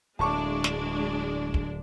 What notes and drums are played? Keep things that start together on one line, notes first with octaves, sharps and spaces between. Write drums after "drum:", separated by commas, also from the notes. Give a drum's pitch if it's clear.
D1 G#3 D4 A5 C#6 D6
drum: snare
drum: kick